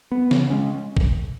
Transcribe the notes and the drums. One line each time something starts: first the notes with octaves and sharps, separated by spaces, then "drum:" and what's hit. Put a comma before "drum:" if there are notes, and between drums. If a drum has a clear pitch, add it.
B3
C#3, drum: snare
G#3 C#4
drum: kick